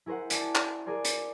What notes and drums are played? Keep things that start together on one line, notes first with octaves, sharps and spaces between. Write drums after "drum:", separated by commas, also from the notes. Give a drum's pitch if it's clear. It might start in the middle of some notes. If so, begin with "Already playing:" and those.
E4 G#4 A#4 C5 F#5
D5 G#5 A5, drum: hi-hat
drum: clap
G#4 A#4 D5 G#5 C6
drum: hi-hat